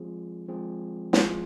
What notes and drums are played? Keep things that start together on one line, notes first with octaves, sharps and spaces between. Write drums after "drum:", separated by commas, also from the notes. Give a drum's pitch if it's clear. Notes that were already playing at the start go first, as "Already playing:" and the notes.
Already playing: F3 G#3 C4 F4 G#4
F3 G#3 C4 F4 G#4
F3 G#3 C4 F4 G#4, drum: snare